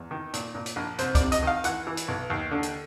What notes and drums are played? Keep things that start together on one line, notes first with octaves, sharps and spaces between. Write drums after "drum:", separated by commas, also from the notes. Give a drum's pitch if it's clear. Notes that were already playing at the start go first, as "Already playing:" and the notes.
Already playing: E2
D#3
A#2, drum: hi-hat
A#2
drum: hi-hat
A#1
C2 C5, drum: hi-hat
D5, drum: kick C#2, hi-hat
C3
D#5, drum: hi-hat
D#3 F5
E3 F#5, drum: hi-hat
E3
drum: hi-hat
B1
D#2
D3
drum: hi-hat